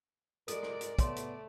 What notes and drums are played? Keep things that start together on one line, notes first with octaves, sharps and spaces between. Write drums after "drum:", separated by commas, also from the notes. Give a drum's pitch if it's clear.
G#3 A4 A#4 D5, drum: hi-hat
drum: rim click
drum: hi-hat
A3 B3 C#5 C6, drum: kick, hi-hat
drum: hi-hat